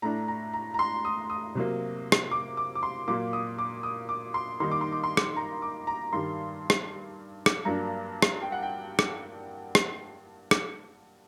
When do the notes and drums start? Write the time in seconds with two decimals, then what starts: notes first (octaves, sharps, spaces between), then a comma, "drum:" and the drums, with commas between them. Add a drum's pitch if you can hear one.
0.02 A2 A3 D4 A#5
0.28 A#5
0.53 A#5
0.74 A#5
0.79 C6
1.05 D#6
1.30 D#6
1.55 C3 F#3 A#3
2.12 drum: rim click
2.31 D6
2.57 D6
2.75 D6
2.83 C6
3.08 A#2 F#3 A#3 D6
3.33 D#6
3.58 D6
3.83 D#6
4.09 D6
4.34 C6
4.60 D#3 G3 A#3 D#4 C6
4.71 D6
4.81 C6
4.92 D6
5.04 C6
5.17 drum: rim click
5.36 A#5
5.62 D6
5.87 A#5
6.13 G2 D#3 G3 C6
6.70 drum: rim click
7.46 drum: rim click
7.65 G2 F#3 A#3 D4 A#5
8.22 drum: rim click
8.42 G5
8.52 F#5
8.63 G5
8.99 drum: rim click
9.75 drum: rim click
10.51 drum: rim click